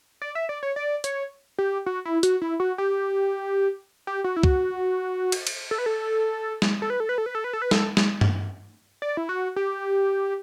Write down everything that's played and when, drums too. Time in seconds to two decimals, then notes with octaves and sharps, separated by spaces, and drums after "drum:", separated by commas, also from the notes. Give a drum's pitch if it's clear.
0.22 D5
0.35 E5
0.49 D5
0.63 C#5
0.76 D5
1.04 C#5, drum: hi-hat
1.59 G4
1.86 F#4
2.05 E4
2.23 F#4, drum: hi-hat
2.42 E4
2.60 F#4
2.78 G4
4.07 G4
4.24 F#4
4.36 E4
4.43 F#4, drum: kick
5.32 drum: cymbal
5.47 drum: cymbal
5.71 A4
5.78 B4
5.86 A4
6.62 drum: snare
6.82 A4
6.90 B4
7.00 A4
7.09 B4
7.18 A4
7.26 B4
7.35 A4
7.44 B4
7.53 A4
7.62 B4
7.71 A4, drum: snare
7.97 drum: snare
8.21 drum: tom G2
9.02 D5
9.17 E4
9.29 F#4
9.56 G4